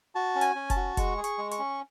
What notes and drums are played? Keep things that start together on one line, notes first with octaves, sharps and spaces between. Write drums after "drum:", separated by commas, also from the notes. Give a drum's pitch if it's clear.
F#4 A5
C#4
G#5, drum: hi-hat
C#4
A5, drum: kick F1, hi-hat
F#4
G#3 C#6, drum: kick F1, hi-hat
G#4
C#6, drum: hi-hat
G#3
C#6, drum: hi-hat
C#4